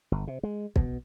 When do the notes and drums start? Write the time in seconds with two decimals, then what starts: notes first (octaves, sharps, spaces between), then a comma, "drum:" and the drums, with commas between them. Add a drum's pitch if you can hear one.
0.12 G1
0.27 C3
0.43 G#3
0.76 B2, drum: kick